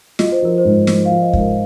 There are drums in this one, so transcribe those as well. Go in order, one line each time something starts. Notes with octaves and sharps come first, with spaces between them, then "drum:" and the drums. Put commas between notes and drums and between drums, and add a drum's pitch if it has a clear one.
F4 D#5, drum: snare
C5
F3 A#4
C5
G#2
F3, drum: snare
F3 F5
D#5
G#2, drum: kick
A#4